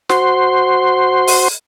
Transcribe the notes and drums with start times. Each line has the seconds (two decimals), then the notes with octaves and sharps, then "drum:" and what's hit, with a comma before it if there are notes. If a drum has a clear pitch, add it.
0.09 F#4 C5 C6, drum: snare
1.27 drum: open hi-hat